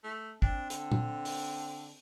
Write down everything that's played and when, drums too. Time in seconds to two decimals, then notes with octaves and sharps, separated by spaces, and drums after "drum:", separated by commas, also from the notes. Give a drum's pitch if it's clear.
0.04 A3
0.42 C4 D4, drum: kick
0.70 D3, drum: hi-hat
0.92 drum: tom A#2
1.25 drum: open hi-hat